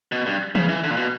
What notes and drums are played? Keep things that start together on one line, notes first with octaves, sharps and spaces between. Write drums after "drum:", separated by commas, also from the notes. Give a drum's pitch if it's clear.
B2
G2
C#3, drum: tom E3
E3
D3
A#2
B2